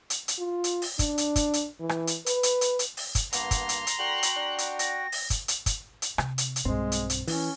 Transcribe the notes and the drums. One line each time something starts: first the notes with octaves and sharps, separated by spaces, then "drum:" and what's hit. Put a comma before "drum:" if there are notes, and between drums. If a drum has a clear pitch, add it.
drum: hi-hat
drum: hi-hat
F4
drum: hi-hat
drum: open hi-hat
D4, drum: kick, hi-hat
drum: hi-hat
drum: kick, hi-hat
drum: hi-hat
E3
drum: rim click
drum: hi-hat
B4, drum: hi-hat
drum: hi-hat
drum: hi-hat
drum: hi-hat
drum: open hi-hat
drum: kick, hi-hat
G2 A#3 B3 A#5 C6, drum: hi-hat
drum: kick, hi-hat
drum: hi-hat
drum: hi-hat
D3 F#4 F#5 G5 F#7
drum: hi-hat
D4
drum: hi-hat
A#6, drum: hi-hat
drum: open hi-hat
drum: kick, hi-hat
drum: hi-hat
drum: kick, hi-hat
drum: hi-hat
C3, drum: rim click
drum: hi-hat
drum: hi-hat
B1 G2 G#3 C4
drum: hi-hat
drum: hi-hat
E3 C#4, drum: open hi-hat